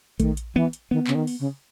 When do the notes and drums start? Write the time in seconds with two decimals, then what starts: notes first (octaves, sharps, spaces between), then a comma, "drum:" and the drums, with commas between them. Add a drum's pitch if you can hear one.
0.20 D#3 A3, drum: kick A#1, hi-hat
0.37 drum: hi-hat
0.55 E3 B3
0.73 drum: hi-hat
0.91 D#3 B3
1.07 C#3, drum: clap
1.15 D#3
1.27 drum: open hi-hat
1.40 C#3